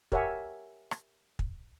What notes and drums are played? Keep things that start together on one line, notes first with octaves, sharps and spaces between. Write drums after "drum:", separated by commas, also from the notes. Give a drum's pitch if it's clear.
G4 A#4 C#5 E5 F#5 G#5, drum: kick
drum: rim click
drum: kick